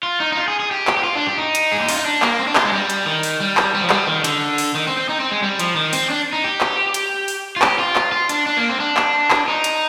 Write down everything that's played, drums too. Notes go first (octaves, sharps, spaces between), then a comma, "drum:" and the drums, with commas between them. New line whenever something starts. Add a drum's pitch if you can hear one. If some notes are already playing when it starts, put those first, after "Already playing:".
F4
D#4
D#4
F4
G#4
G#4
G4
drum: clap
G4
F4
D4
G4
D#4
drum: hi-hat
G#4
G4
F4, drum: open hi-hat
D#4
D4
A#3, drum: clap
C4
D4
F4, drum: clap
G#3
G3
drum: hi-hat
D#3
drum: open hi-hat
G3
drum: clap
G3
F3
G3, drum: clap
D#3
D3, drum: hi-hat
drum: open hi-hat
D#3
C4
C4
D#4
C4
G#3
G3
F3, drum: hi-hat
D#3
C4, drum: open hi-hat
D4
D#4
G4
drum: clap
drum: hi-hat
drum: open hi-hat
F4
G4, drum: clap
F4
drum: clap
F4
D4, drum: hi-hat
D4
A#3
C4
D4
drum: clap
drum: clap
D#4
drum: hi-hat